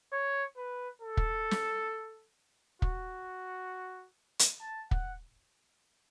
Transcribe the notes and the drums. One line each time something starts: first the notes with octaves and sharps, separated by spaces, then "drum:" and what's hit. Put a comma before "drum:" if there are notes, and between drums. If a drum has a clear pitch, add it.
C#5
B4
A4
drum: kick
drum: snare
F#4, drum: kick
drum: hi-hat
A5
F#5, drum: kick